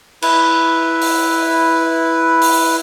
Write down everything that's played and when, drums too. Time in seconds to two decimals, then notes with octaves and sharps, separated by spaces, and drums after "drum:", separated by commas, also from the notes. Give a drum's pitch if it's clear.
0.22 E4 B4, drum: cymbal
1.02 drum: open hi-hat
2.42 drum: open hi-hat